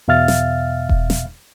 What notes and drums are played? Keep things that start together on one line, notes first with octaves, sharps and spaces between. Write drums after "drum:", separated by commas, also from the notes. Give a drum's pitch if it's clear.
E2 B2 E5 F5 F6 A6
drum: snare
drum: kick E1
drum: snare